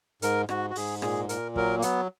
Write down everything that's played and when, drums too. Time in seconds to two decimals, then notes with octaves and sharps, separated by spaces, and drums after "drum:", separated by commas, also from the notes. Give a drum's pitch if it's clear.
0.22 G#2 A#4, drum: hi-hat
0.49 G#2 F#4, drum: rim click
0.70 F#4
0.76 G#2 G#4, drum: open hi-hat
1.02 A#2 G#4, drum: rim click
1.29 A#2 A#4, drum: hi-hat
1.56 F#3 A#4, drum: kick
1.78 A#3
1.82 F#3 B3, drum: hi-hat